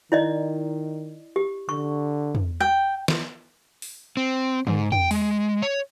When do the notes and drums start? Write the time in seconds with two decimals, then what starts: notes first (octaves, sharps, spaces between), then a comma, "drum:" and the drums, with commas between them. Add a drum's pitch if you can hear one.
0.12 D#3 E4 D5 D#5
1.36 G4
1.69 D3 C#6
2.35 drum: tom
2.60 G5
3.08 drum: snare
3.82 drum: open hi-hat
4.17 C4
4.67 G#2, drum: tom
4.92 G5, drum: tom
5.11 G#3, drum: open hi-hat
5.62 C#5